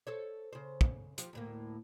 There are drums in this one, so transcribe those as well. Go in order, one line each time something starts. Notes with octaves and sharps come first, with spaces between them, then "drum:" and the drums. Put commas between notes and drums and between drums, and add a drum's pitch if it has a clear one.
A4 C5 C#5
C#3 C5
drum: kick
F3 G4, drum: hi-hat
D2 A2 A#3